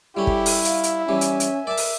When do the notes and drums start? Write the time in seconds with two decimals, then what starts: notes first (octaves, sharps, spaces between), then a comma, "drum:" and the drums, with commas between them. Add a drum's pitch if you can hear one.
0.17 G3 C#4 E4 G4 A4
0.27 drum: kick
0.46 drum: open hi-hat
0.65 E5 F5, drum: hi-hat
0.83 drum: hi-hat
1.09 E3 G3 C#4 E5 G#5
1.21 drum: hi-hat
1.40 drum: hi-hat
1.67 A#4 D5 E5 A5
1.77 drum: open hi-hat